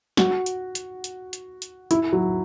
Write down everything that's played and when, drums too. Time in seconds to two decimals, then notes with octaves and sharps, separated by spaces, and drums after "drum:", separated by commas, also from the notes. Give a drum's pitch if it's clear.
0.17 F#4, drum: snare
0.46 drum: hi-hat
0.75 drum: hi-hat
1.04 drum: hi-hat
1.33 drum: hi-hat
1.62 drum: hi-hat
1.91 E4, drum: hi-hat
2.12 F#3